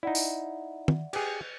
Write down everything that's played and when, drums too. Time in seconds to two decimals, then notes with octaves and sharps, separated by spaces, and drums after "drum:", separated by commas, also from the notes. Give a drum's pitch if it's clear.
0.03 D#4 E4 D5 E5 F#5
0.15 drum: tambourine
0.88 drum: tom
1.13 G4 G#4, drum: cymbal